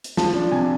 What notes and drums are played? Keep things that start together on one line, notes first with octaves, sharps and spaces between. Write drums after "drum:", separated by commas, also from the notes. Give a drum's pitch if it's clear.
drum: hi-hat
F3 A5, drum: snare
D4
C3 G#5